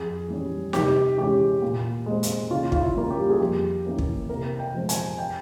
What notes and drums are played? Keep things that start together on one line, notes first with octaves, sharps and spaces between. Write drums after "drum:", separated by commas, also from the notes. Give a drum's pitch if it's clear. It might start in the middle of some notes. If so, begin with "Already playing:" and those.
Already playing: F2 G#4
E3 G3 C#4
C3 G4, drum: snare
E3 G#3 C#4 G4
A#2
G#3 C4
drum: hi-hat
C#3 F4
F4, drum: kick
E4
G3 A#3 C#4
G4
G#4
F2 G4
E3 A#3 C#4
drum: kick
C3 A#4
G5
F3 G#3 C4
G#5, drum: hi-hat
G5